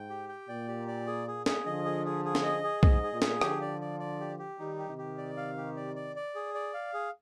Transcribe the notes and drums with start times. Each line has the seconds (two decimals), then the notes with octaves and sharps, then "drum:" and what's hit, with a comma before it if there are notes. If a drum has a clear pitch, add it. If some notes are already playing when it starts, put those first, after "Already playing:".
Already playing: G#2 G5
0.10 G4
0.29 G5
0.49 A#2 D5
0.68 G4
0.88 D5
1.07 G#4
1.27 G#4
1.46 G#4, drum: snare
1.66 D3 F3 D#5
1.85 G#4
2.05 G#4
2.25 G#4
2.35 drum: snare
2.44 D#5
2.64 G#4
2.83 G#2 D#5, drum: kick
3.03 G#4
3.12 A#2
3.22 G#4, drum: snare
3.41 D3 F3 G4, drum: rim click
3.61 D5
3.81 D5
4.00 D5
4.20 G4
4.39 G4
4.59 D#3 G3 D#4
4.79 G4
4.88 C3 D#3
4.98 G4
5.18 D5
5.37 F5
5.57 G4
5.76 D5
5.96 D5
6.16 D5
6.35 G#4
6.54 D5
6.74 F5
6.94 G#4